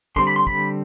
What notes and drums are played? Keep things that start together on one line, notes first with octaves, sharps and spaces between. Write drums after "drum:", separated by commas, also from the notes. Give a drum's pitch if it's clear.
D3 G3 C4 C6, drum: kick
B5
C6
B5, drum: kick